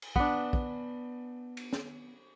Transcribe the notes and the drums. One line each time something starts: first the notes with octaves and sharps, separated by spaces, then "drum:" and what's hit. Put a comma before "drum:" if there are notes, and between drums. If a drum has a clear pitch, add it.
drum: cymbal
B3 D4, drum: kick
drum: kick
drum: cymbal
drum: snare